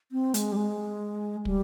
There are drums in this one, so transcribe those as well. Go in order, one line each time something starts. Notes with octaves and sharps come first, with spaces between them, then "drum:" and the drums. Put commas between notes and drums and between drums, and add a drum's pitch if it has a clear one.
C4
G#3, drum: hi-hat
G3
G#3
G3, drum: kick